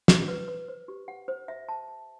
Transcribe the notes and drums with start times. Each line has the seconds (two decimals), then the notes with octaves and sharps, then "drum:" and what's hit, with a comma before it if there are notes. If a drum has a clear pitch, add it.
0.08 B4, drum: snare
0.28 B4
0.48 B4
0.68 C5
0.88 G4
1.08 F#5
1.28 C5
1.48 E5
1.69 A5
1.88 A5